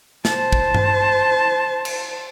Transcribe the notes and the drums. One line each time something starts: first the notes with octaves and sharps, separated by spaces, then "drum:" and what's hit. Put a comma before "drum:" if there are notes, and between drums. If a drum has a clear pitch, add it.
C5 A5, drum: snare
drum: kick
drum: tom G2
drum: cymbal